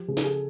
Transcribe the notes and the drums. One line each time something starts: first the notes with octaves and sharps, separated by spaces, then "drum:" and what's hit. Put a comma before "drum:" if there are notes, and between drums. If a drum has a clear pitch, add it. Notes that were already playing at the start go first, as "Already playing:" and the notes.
Already playing: F3 G4
C#3 G#4
A4, drum: snare
G#4